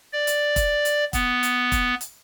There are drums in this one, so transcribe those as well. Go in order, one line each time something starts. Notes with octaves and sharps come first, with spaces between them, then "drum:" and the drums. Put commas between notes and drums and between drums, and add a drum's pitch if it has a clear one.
D5
drum: hi-hat
drum: kick, hi-hat
drum: hi-hat
B3, drum: kick, hi-hat
drum: hi-hat
drum: kick, hi-hat
drum: hi-hat